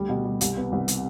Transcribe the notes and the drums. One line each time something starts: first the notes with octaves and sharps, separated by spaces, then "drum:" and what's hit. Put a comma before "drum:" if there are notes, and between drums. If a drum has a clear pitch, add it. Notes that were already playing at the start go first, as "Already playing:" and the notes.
Already playing: D2 G3
B2
G3
C2, drum: hi-hat
B3
C2
drum: hi-hat